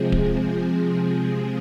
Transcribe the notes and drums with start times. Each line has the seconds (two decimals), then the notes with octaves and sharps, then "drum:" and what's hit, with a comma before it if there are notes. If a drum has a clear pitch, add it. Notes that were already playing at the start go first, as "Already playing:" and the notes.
Already playing: C3 F3 G#3 C4 G#4
0.12 drum: kick D1